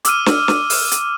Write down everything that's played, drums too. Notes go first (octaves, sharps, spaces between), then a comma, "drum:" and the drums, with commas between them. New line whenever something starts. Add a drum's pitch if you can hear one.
D6 E6 F6 D#7, drum: hi-hat
drum: snare
drum: snare
drum: open hi-hat
drum: hi-hat